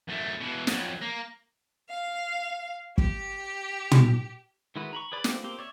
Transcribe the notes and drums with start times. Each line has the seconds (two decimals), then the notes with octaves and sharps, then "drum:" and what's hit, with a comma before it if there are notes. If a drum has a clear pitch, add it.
0.08 F#2 A3
0.40 B2 E3
0.67 F2 F#3, drum: snare
1.02 A#3
1.89 F5
2.98 G4, drum: kick
3.91 drum: tom
4.76 D#3 G#3 E4 F#4 B4
4.93 A#5 B5 C#6
5.12 G#4 B4 D5 B5
5.24 A3 B3 C4 G4 D5, drum: snare
5.44 A#3 C4 G4
5.59 C#5 D5 E5